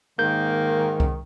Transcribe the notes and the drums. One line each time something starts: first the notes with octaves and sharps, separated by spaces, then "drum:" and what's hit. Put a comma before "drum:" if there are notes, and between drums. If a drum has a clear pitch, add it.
G#2 D#3 A#3 G6
drum: kick C2